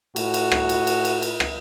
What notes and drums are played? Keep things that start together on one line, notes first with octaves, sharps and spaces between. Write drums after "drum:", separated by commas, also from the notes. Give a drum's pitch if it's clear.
A2 F#4, drum: cymbal
drum: cymbal
drum: rim click
drum: cymbal
drum: cymbal
drum: cymbal
drum: cymbal
drum: rim click